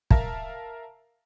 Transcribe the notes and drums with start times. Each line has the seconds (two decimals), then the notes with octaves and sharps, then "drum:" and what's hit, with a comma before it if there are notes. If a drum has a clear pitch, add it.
0.11 A#4 E5 F5 A5 A#5, drum: kick